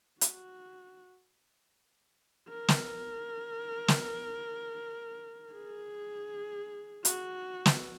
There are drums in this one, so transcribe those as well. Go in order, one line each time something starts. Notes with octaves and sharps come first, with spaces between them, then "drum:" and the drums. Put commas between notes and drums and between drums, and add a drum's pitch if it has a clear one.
F#4, drum: hi-hat
A#4
drum: snare
drum: snare
G#4
F#4, drum: hi-hat
drum: snare